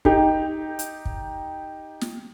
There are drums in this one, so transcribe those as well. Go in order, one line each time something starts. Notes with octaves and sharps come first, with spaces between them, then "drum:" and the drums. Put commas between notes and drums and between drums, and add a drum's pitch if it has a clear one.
D#4 G4, drum: kick
drum: hi-hat
drum: kick
drum: snare